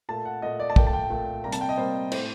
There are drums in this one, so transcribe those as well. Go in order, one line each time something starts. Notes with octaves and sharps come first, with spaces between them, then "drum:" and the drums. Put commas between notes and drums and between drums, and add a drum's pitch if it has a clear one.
A#2 A3 A5
F#5
A#2 A3 D#5
D5
A5
A#2 A3 G5, drum: kick
A5
G5
A#2 A3
C3 G3 A#3 A#5
A5, drum: hi-hat
G5
D#5
C3 G3 A#3 C5
A2 A3 C5, drum: cymbal